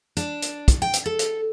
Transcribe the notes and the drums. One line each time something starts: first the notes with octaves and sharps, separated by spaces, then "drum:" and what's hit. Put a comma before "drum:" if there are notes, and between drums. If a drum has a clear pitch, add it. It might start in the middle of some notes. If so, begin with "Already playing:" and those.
D4, drum: hi-hat
drum: hi-hat
drum: kick, hi-hat
G5
drum: hi-hat
A4
drum: hi-hat